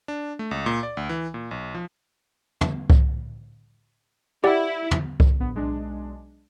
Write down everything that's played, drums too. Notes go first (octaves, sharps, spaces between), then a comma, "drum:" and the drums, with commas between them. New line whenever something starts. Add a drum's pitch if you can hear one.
D4
A3
C#2
A#2
D5
D2
E3
A#2
B1
F3
drum: tom
drum: kick C2
E4 G4 D5 F#5
drum: tom
drum: kick C2
A#1 B3
B1 G#3 D4